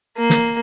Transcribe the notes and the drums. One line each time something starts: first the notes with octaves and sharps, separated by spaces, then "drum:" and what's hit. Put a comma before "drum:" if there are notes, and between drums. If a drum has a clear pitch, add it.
A#3
drum: snare